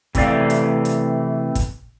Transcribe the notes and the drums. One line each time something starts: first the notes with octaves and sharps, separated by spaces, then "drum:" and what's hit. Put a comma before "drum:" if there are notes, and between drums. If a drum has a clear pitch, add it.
C3 E3 A3 D5 F5, drum: kick G1, hi-hat
drum: hi-hat
drum: hi-hat
drum: kick G1, hi-hat